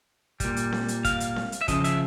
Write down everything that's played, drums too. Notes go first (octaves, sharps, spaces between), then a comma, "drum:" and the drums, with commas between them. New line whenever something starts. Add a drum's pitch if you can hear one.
A#2 G3, drum: kick, hi-hat
drum: hi-hat
drum: snare C4
drum: hi-hat
F5, drum: kick, hi-hat
drum: hi-hat
drum: snare C4
drum: hi-hat
E5
C#3 F3 D#5, drum: kick, hi-hat
E5, drum: hi-hat